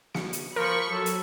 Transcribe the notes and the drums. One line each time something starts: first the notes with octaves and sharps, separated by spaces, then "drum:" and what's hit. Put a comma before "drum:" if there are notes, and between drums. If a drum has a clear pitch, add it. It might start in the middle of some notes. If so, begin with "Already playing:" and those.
C#7, drum: snare
drum: hi-hat
F3 A#4 B5 C#6
F#3 A4
drum: hi-hat